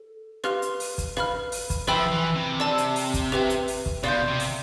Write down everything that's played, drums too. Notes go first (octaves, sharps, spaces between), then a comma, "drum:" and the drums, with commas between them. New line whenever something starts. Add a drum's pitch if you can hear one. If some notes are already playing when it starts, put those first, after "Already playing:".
Already playing: A4
G4 B4 F5 C6 F6, drum: rim click
drum: hi-hat
drum: open hi-hat
drum: kick, hi-hat
B4 F5 B5 F6, drum: rim click
drum: open hi-hat
drum: kick, hi-hat
F3 B4 E5 G5 B5 E6, drum: rim click
E3
C3
D5 A5 E6, drum: rim click
drum: hi-hat
drum: open hi-hat
drum: kick, hi-hat
G4 B4 E5 G5, drum: rim click
drum: hi-hat
drum: open hi-hat
drum: kick
B2 D5 F5 C6 G6, drum: rim click
C3
drum: open hi-hat